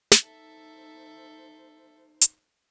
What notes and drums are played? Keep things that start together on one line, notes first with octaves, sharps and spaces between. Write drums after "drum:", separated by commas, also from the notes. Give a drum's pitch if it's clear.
drum: snare
D#4 A4 C5 E5
drum: hi-hat